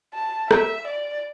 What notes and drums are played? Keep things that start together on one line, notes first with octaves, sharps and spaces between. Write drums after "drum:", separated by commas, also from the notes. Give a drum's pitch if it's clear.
A5
E5, drum: rim click
D5